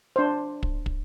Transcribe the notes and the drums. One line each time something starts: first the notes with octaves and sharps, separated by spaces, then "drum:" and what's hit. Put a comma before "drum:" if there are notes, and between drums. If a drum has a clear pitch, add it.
D4 C5
drum: kick
drum: kick